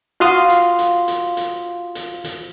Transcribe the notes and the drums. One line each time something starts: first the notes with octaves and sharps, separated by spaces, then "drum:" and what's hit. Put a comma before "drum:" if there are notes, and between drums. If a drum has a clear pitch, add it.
F4 F#4 F5 C6 D#6
drum: hi-hat
drum: hi-hat
drum: hi-hat
drum: hi-hat
drum: hi-hat
drum: hi-hat